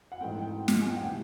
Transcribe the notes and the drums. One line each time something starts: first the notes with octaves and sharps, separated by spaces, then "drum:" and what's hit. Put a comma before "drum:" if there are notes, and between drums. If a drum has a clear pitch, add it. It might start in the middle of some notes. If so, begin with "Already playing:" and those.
F#5
G#2 E3 A3 C4 G5
G5
drum: snare
G#5
G5
F#5
C3 E3 G5